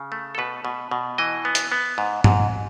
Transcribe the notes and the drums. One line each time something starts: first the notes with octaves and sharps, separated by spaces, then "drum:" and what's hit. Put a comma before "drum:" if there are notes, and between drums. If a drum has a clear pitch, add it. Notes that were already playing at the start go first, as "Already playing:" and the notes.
Already playing: C#3
A3
A4
B2 B4
B2
B2
E3 D#5
B3
drum: hi-hat
B3
G#2
G#2, drum: tom G2